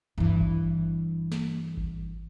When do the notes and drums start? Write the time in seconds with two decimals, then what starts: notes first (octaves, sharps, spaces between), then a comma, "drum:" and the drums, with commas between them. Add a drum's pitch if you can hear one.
0.18 G2 E3
0.40 drum: kick G#1
1.32 drum: snare
1.77 drum: kick G#1